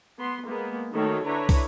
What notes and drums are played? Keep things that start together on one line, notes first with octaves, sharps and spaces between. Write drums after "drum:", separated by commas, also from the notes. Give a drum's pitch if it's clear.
B3 C6
G#3 A#3 B3
D#3 A3 D#4 F#4 A4 C#5
D3 D4 E4 B4 C#5 A#5
drum: kick, open hi-hat